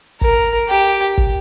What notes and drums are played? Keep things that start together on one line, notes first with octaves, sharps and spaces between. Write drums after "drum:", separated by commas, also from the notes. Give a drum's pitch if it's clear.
A#4, drum: kick
G4
drum: kick